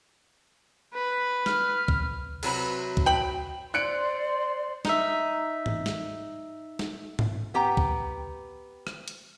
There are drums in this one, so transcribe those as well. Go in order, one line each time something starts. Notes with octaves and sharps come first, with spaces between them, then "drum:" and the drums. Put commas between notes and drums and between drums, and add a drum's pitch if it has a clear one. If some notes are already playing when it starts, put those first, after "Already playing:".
B4
F6, drum: snare
drum: kick
C3 F#3 B4, drum: cymbal
drum: kick
G5 B5
C5 D5 C6 F#6 C#7 D7
D#4 E5, drum: snare
drum: tom G#2
drum: snare
drum: snare
drum: tom G#2
B3 G4 G5 A#5
drum: kick
drum: rim click
drum: hi-hat